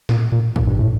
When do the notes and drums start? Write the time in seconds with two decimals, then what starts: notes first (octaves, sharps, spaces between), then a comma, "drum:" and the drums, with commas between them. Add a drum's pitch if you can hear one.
0.09 A#2, drum: snare
0.32 A#2
0.56 A#2, drum: kick
0.67 G2
0.79 A2